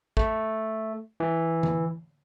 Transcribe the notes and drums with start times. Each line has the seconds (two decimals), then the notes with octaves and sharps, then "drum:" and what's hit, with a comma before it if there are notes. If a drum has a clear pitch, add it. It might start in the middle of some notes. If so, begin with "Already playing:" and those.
0.17 A3, drum: kick
1.20 E3
1.63 drum: tom D3